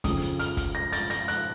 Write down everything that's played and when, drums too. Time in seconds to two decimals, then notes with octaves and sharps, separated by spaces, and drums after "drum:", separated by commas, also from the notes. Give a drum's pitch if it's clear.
0.04 F2 C#3 F3 D#6, drum: kick, hi-hat
0.22 drum: hi-hat
0.39 F6, drum: hi-hat
0.57 drum: kick, hi-hat
0.75 A#6
0.93 A6, drum: hi-hat
1.10 A#6, drum: hi-hat
1.28 F#6, drum: hi-hat